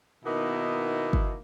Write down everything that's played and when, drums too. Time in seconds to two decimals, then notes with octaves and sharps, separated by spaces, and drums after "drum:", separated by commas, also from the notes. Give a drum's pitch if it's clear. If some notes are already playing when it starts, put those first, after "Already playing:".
0.24 B2 D#3 A#3 B3 D#4 E4
1.13 drum: kick G1